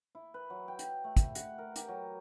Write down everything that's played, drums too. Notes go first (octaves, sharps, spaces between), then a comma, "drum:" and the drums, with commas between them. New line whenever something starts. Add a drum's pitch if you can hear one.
E4
B4
F#3
G5
drum: hi-hat
A3
drum: kick, hi-hat
F#5, drum: hi-hat
A#4
G4, drum: hi-hat
F#3